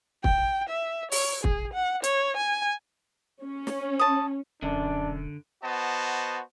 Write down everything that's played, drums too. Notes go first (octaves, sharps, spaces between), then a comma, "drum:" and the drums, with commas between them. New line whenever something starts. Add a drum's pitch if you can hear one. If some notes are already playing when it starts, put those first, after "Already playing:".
G5, drum: kick
E5
C#5, drum: open hi-hat
G#4, drum: kick
F#5
C#5, drum: hi-hat
G#5
C#4
drum: snare
A5 D#6
E1 F#2 D3 D4
B3 F#4 C5 D#5 A5